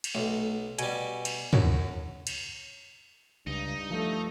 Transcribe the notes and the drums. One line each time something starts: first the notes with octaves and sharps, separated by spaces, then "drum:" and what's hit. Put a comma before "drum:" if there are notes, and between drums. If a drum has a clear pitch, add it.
drum: cymbal
B1 A3
B2 G3 G#5, drum: hi-hat
drum: cymbal
F#2, drum: tom
drum: cymbal
C#2 G2 D#4
F3 A3